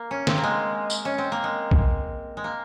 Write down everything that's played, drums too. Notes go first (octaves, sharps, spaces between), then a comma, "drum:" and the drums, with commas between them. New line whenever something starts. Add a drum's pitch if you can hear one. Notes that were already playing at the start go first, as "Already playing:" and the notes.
Already playing: A#3
C#4
C4, drum: snare
A#3
G#3
drum: tambourine
C#4
C4
A#3
G#3
drum: kick
G#3
A#3